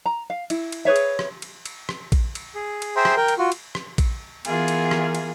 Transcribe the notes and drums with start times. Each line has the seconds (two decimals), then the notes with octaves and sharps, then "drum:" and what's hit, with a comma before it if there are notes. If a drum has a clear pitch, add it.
0.06 A#5
0.30 F5
0.50 E4, drum: cymbal
0.72 drum: cymbal
0.85 G#4 B4 C#5 E5
0.96 drum: cymbal
1.19 drum: rim click
1.42 drum: cymbal
1.66 drum: cymbal
1.89 drum: rim click
2.12 drum: kick A#1, cymbal
2.35 drum: cymbal
2.55 G#4
2.82 drum: cymbal
2.96 G#4 C5 E5 G5 A#5 C6
3.05 drum: rim click
3.17 A#4 G5
3.28 drum: cymbal
3.38 F4 F#4
3.52 drum: cymbal
3.75 drum: rim click
3.98 drum: kick A#1, cymbal
4.45 E3 B3 F4 G#4 A#4, drum: cymbal
4.68 drum: cymbal
4.91 drum: rim click
5.15 drum: cymbal